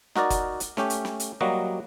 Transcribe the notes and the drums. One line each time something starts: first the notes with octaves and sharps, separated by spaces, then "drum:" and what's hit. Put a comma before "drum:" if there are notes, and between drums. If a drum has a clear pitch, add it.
D#4 F#4 A#4 D5, drum: snare
drum: kick F#1, hi-hat
drum: hi-hat
A3 C#4 G4, drum: snare
drum: hi-hat
drum: snare
drum: hi-hat
F#3 G3 A#3 F#4 D#5